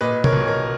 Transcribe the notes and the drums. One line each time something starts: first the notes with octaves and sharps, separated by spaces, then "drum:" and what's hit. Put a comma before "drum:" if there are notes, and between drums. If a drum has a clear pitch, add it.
A#2 B4 D#5
A#4 C#5, drum: tom C3
B1
A#4